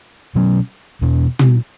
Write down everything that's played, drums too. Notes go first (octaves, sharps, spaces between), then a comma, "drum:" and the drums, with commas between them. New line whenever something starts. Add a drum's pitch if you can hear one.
B2 F#3 C#4
E2 B2 B3
drum: tom